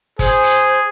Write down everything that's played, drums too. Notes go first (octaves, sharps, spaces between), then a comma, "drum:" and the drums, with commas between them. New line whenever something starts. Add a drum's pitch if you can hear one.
G#4 C5, drum: kick, hi-hat
drum: hi-hat